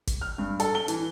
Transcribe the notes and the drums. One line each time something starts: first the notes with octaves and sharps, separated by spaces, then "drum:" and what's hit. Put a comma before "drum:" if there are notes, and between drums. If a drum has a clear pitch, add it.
drum: kick G1, hi-hat
F6
G2
A4, drum: hi-hat
G7
E3, drum: hi-hat